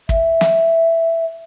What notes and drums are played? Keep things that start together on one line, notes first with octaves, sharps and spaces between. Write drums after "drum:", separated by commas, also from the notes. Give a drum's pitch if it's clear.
E5, drum: kick
drum: snare